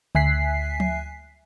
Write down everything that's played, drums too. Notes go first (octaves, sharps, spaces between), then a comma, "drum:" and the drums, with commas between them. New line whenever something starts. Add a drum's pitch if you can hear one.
D2 E5 G#5 F#6 B6 C7, drum: tom C#3
drum: tom F3